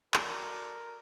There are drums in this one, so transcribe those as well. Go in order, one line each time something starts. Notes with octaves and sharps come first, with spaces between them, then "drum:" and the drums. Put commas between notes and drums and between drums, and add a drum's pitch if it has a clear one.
F#4 A4 A#4 D5, drum: clap